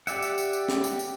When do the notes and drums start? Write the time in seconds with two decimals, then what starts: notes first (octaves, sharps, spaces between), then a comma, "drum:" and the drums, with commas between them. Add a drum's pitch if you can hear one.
0.07 G4 D5 E5 F#5, drum: tambourine
0.22 drum: tambourine
0.38 drum: tambourine
0.53 drum: tambourine
0.69 drum: snare
0.84 drum: tambourine
0.99 drum: tambourine